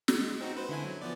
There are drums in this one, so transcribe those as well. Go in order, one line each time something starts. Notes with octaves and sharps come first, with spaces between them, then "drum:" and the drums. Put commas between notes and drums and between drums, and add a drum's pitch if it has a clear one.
drum: snare
G#3
C4 D#4 F#4
B4 C5
D3 E4 G#5
F#3
F3 B3 D5